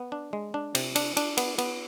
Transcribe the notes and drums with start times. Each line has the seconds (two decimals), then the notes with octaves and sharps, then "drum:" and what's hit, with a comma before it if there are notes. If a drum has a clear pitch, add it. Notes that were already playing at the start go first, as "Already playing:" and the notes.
Already playing: B3
0.12 D4
0.33 G#3
0.54 D4
0.75 C3, drum: cymbal
0.95 D4, drum: cymbal
1.17 D4, drum: cymbal
1.37 B3, drum: cymbal
1.58 B3, drum: cymbal